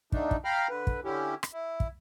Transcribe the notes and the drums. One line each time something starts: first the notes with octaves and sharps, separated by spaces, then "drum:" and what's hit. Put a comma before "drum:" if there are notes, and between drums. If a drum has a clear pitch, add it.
D3 A3 D4 D#4, drum: kick
drum: kick
F5 G5 A#5 B5 F6
D3 B4
drum: kick
D3 C#4 E4 G4
drum: rim click
E4
drum: kick